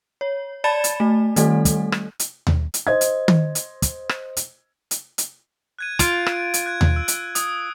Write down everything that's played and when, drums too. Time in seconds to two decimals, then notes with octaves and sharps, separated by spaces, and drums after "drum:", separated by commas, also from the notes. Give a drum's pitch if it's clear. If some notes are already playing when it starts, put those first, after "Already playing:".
0.21 C#5
0.64 D5 A5 B5 A6 E7
0.84 drum: hi-hat
1.00 A3
1.36 D#3 G3 A3 A4, drum: hi-hat
1.65 drum: kick, hi-hat
1.92 drum: rim click
2.19 drum: hi-hat
2.47 drum: tom D#2
2.74 drum: hi-hat
2.87 C5 D#5 G#6
3.01 drum: hi-hat
3.28 drum: tom D#3
3.55 drum: hi-hat
3.82 drum: kick, hi-hat
4.09 drum: rim click
4.37 drum: hi-hat
4.91 drum: hi-hat
5.18 drum: hi-hat
5.79 F#6 G#6 D#7
5.99 F4 D7, drum: kick, hi-hat
6.26 drum: rim click
6.54 drum: hi-hat
6.66 F#6 G#6
6.81 drum: tom D#2
6.96 E6
7.08 drum: hi-hat
7.35 D#6, drum: hi-hat